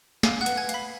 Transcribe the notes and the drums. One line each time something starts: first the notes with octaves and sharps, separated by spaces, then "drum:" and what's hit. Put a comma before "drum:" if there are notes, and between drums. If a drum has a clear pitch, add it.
F5 G#5, drum: snare
F#5 F#6
B4, drum: hi-hat
G#5 G#6
F5, drum: hi-hat
B5 B6